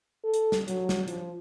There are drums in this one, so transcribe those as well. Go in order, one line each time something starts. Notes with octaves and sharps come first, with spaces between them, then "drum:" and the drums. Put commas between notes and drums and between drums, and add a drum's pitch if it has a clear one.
A4
drum: hi-hat
drum: snare
F#3, drum: hi-hat
drum: snare
F3, drum: hi-hat